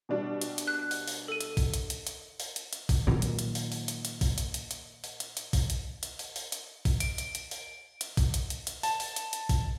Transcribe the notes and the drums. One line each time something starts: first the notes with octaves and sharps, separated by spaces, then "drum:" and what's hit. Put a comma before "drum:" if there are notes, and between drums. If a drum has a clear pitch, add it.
B2 G3 D4
drum: hi-hat
drum: hi-hat
F#6
drum: open hi-hat
drum: open hi-hat
A4 D#7
drum: hi-hat
drum: kick, open hi-hat
drum: hi-hat
drum: hi-hat
drum: hi-hat
drum: open hi-hat
drum: hi-hat
drum: hi-hat
drum: kick, open hi-hat
A#2 D#3 F#3 A#3
drum: hi-hat
drum: hi-hat
drum: open hi-hat
drum: open hi-hat
drum: hi-hat
drum: hi-hat
drum: kick, open hi-hat
drum: hi-hat
drum: hi-hat
drum: hi-hat
drum: open hi-hat
drum: hi-hat
drum: hi-hat
drum: kick, open hi-hat
drum: hi-hat
drum: hi-hat
drum: open hi-hat
drum: open hi-hat
drum: hi-hat
drum: kick, open hi-hat
D7, drum: hi-hat
drum: hi-hat
drum: hi-hat
drum: open hi-hat
drum: hi-hat
drum: kick, open hi-hat
drum: hi-hat
drum: hi-hat
drum: hi-hat
A5, drum: open hi-hat
drum: open hi-hat
drum: hi-hat
drum: hi-hat
drum: kick, open hi-hat